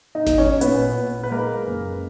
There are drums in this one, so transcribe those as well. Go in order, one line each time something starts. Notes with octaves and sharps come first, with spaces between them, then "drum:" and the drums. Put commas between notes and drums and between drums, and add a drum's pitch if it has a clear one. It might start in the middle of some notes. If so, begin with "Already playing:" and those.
D#4 D#5
B1, drum: snare G#1
C#4 C#5
A#2 B3 B4, drum: hi-hat
A#2
B4
G#3 A#3 A#4
F#1